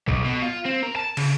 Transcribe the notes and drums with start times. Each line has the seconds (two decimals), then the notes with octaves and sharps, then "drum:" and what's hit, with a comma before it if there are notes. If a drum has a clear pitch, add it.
0.08 B1, drum: kick A#1
0.24 B2
0.42 F4
0.65 C4
0.83 A#4
0.96 A5
1.17 C#3, drum: cymbal